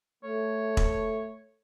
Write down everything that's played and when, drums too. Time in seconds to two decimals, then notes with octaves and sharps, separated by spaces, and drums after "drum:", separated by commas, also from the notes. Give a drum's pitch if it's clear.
0.24 A3 C#5
0.77 drum: kick E1